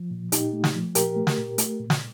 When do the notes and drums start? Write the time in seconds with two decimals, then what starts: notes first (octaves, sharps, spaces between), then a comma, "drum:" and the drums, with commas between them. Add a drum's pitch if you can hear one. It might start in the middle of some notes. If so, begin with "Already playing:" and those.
Already playing: F3
0.11 A#2
0.32 A#2 D#4 G4, drum: hi-hat
0.53 A3
0.64 drum: snare
0.74 F3
0.95 A#2 G4 A#4, drum: hi-hat
1.16 A3
1.27 drum: snare
1.37 A#2
1.58 A3, drum: hi-hat
1.80 A#2
1.90 drum: snare